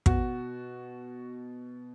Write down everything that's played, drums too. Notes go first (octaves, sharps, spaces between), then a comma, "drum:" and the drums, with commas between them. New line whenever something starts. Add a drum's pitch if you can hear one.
B2 F#4, drum: kick